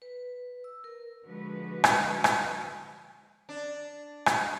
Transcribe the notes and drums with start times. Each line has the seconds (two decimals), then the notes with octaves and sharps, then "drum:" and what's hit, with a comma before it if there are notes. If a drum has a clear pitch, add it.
0.02 B4
0.64 E6
0.84 A#4
1.26 D3 F3 G#3 F#4 B4
1.84 drum: rim click
2.24 drum: rim click
3.49 D4
4.26 drum: rim click